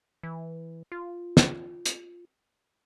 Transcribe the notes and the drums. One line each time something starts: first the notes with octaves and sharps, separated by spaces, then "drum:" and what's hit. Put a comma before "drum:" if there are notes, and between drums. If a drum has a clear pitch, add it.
E3
F4
drum: snare
drum: hi-hat